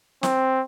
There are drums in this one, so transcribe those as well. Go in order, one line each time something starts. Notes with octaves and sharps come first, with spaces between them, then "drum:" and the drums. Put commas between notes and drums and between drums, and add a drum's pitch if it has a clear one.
C4, drum: snare